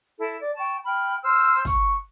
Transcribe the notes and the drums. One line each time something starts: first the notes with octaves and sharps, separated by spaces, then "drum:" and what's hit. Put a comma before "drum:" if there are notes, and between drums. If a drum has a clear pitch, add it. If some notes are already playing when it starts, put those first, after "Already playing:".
E4 A4
D5
G5 A5 C#6
G5 B5 F6
C5 E6 F6
C#6, drum: kick, hi-hat